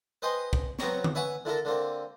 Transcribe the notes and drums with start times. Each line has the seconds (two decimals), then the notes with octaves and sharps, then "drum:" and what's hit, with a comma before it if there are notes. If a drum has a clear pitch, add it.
0.22 B4 C5 D#5 G5 G#5 C6
0.53 drum: kick
0.79 F#3 B3 C4 C#5 A#5 C#6, drum: snare
1.04 drum: tom D3
1.15 B4 C#5 E5 F#5 G#5 C#6
1.45 D3 E4 A4 A#4
1.65 D3 A#3 C4